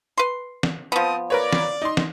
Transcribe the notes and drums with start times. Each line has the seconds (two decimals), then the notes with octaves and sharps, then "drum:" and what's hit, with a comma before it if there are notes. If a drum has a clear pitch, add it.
0.18 B4 C6
0.63 drum: snare
0.92 F3 B3 C4 A5 D#6
1.30 A#4 B4 C#5 D5
1.53 drum: snare
1.82 D#4 C6
1.97 drum: snare